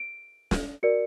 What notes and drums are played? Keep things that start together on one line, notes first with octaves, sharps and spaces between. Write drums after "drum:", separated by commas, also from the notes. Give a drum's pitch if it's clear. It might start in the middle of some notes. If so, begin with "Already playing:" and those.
Already playing: D7
drum: snare
F#4 A#4 D5 C#7